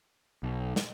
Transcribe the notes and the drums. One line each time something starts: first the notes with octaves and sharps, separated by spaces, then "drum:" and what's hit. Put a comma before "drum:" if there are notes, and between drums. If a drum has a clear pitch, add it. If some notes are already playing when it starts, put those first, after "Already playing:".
B1
drum: snare